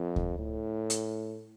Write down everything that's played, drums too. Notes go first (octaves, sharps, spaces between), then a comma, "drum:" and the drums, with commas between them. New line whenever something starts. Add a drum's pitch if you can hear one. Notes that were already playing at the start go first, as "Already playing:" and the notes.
Already playing: F2
drum: kick D2
A2
drum: hi-hat